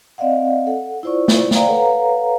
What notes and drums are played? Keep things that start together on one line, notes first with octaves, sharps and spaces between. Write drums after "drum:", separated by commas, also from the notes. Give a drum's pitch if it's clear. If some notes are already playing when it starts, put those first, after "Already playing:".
C4 D5 D#5 F5 F#5
A4 F#5
E4 F4 C5 D5 C#6
drum: snare
C5 D5 F5 G5 A#5, drum: snare
A4 B4 C#5 F5 F#5 A#5